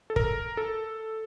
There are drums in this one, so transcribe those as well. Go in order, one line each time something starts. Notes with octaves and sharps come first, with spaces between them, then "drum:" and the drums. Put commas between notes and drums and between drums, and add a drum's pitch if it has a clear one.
A4
A#4, drum: kick
A4